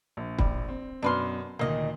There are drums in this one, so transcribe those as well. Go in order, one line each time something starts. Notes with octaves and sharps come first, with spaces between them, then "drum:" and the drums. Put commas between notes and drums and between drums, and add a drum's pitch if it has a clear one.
A#1
G3, drum: kick
C4
F#2 B2 D4 B4 C6 F6
D2 A#2 D#3 A#3 D#5